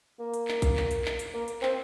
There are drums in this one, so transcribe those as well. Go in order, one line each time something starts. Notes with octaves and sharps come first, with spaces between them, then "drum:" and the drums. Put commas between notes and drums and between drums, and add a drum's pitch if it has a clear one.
A#3
drum: hi-hat
drum: clap
drum: kick A#1, hi-hat
drum: clap
drum: hi-hat
drum: clap
drum: hi-hat
A#3
drum: hi-hat
C4, drum: clap